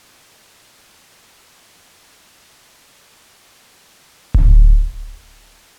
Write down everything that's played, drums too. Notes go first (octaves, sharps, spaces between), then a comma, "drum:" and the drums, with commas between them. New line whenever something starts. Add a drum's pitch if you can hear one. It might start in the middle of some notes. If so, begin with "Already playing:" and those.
B4
A#4
A4
F#2 D#3 G3 G#4
G4
C4
C#4
D4
G2 D3 F#3 A3 D#4
E4
D#4
C4
C#4
D4
A#2 G3 B3 C#4
C4
B3
C4
D#4
E4
F4
A4
A2 F#3 A3 A#4
drum: kick D1
G2 D3 F3